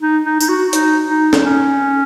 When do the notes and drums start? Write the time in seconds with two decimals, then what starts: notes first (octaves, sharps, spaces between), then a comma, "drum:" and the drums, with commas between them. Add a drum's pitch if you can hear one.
0.02 D#4
0.25 D#4
0.40 D#4, drum: tambourine
0.49 F#4
0.73 D#4, drum: hi-hat
1.08 D#4
1.33 drum: snare
1.43 C#4